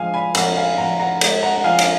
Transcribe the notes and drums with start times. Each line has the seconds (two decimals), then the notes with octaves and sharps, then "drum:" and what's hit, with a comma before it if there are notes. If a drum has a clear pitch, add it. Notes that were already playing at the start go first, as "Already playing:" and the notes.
Already playing: F3 G#3 F5 G#5
0.14 G#5 B5
0.35 F2 F#5 A#5, drum: cymbal
0.56 F5 G#5
0.78 F2 F#5 A#5
0.99 F#5 A#5
1.21 G#3, drum: cymbal
1.43 F#5 A#5
1.56 F#5
1.64 F3 F5 G#5
1.78 drum: cymbal